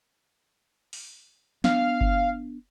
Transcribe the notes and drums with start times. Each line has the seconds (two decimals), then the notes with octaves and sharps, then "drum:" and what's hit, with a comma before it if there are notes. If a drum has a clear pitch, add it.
0.93 drum: open hi-hat
1.64 B3 D4 F5, drum: snare
2.01 drum: kick G1